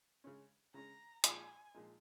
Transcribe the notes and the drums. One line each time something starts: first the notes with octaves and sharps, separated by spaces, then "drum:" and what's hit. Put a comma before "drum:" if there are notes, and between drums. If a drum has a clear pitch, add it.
C#3 G#3 C#4
C#3 G#3 C#4 A#5
A#2 F3 G#3 D#4 G#5, drum: hi-hat
A#2 F3 G#3 D#4